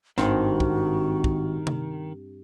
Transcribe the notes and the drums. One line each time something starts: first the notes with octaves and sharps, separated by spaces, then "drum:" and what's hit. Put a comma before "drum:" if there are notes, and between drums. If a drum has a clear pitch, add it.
G#1 G2 D#3 C4 F#4, drum: snare
drum: kick
drum: kick
drum: tom C3